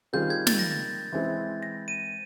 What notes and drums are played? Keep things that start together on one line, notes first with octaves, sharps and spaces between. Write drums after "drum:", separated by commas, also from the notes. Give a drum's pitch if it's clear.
D#3 G3 C4 F4 G#4 G6
G#6
A6, drum: snare
A#6
A6
E3 G#3 C4 E4
A#6
D#7